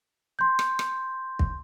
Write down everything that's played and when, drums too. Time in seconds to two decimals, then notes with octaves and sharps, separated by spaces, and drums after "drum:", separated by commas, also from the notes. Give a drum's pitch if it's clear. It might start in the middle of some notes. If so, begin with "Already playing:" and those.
0.39 C6 G6
0.59 drum: rim click
0.79 drum: rim click
1.39 drum: kick